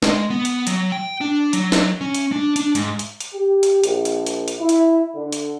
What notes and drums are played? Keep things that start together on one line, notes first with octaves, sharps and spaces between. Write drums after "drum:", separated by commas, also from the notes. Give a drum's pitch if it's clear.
G#3, drum: snare
B3
drum: hi-hat
F#3, drum: hi-hat
G5
D4
F#3, drum: hi-hat
drum: snare
C#4
drum: hi-hat
D4
D4, drum: hi-hat
G#2, drum: hi-hat
drum: hi-hat
drum: hi-hat
G4
drum: hi-hat
A#1, drum: hi-hat
drum: hi-hat
drum: hi-hat
drum: hi-hat
E4
drum: hi-hat
D3
drum: hi-hat